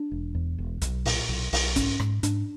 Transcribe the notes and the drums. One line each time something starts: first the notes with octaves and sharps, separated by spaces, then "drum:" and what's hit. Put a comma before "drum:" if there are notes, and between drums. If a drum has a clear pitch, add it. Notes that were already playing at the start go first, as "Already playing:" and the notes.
Already playing: D4
E1
E2
E1
B1, drum: hi-hat
A#2, drum: open hi-hat
B1
B1, drum: open hi-hat
G#2 C#4, drum: kick, hi-hat
G#2, drum: rim click
G#2 D4, drum: hi-hat